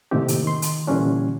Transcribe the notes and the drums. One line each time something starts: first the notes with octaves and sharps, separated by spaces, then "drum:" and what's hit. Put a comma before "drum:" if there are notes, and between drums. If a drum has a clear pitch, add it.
A2 C3 D#3 A#3 C4 G4
drum: hi-hat
D#3 C6
drum: hi-hat
A#2 D3 E3 G3 C#4 D4